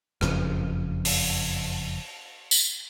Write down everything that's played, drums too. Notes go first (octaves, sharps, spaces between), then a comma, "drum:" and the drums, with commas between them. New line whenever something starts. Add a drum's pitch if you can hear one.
F#1 F2 C#3, drum: rim click
drum: open hi-hat
drum: tambourine